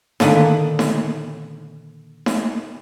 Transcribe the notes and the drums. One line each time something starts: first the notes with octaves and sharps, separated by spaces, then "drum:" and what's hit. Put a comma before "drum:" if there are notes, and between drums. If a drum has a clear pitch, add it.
A#2 D3 D#3 B4, drum: snare D#4
drum: snare D#4
drum: snare D#4